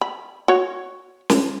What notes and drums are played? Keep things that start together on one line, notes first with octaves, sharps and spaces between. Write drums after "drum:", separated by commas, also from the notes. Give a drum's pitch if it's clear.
B5
F#4 C#5
drum: snare